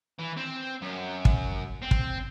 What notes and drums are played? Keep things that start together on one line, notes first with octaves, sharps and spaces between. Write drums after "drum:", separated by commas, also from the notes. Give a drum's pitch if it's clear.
E3
C4
F#2
drum: kick
C4
drum: kick